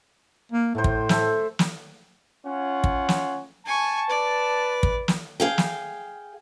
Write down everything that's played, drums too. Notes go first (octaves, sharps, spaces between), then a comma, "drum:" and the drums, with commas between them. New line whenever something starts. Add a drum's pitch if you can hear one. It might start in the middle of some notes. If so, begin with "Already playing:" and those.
A#3
A2 A3 C5
drum: kick
A4 C5 E5, drum: snare
drum: snare
C#4 F4 C#5 F#5
drum: kick
drum: snare
G#5 A5 C#6
B4 D5
drum: kick
drum: snare
G#4 F5 G5
drum: snare